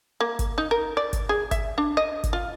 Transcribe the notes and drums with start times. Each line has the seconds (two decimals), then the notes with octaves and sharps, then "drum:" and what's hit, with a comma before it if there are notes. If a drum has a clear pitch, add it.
0.20 A#3
0.39 drum: kick G#1, hi-hat
0.58 D#4
0.71 A#4
0.97 D5
1.13 drum: kick G#1, hi-hat
1.29 G#4
1.51 E5, drum: kick G#1, hi-hat
1.78 D4
1.97 D#5
2.24 drum: kick G#1, hi-hat
2.33 F4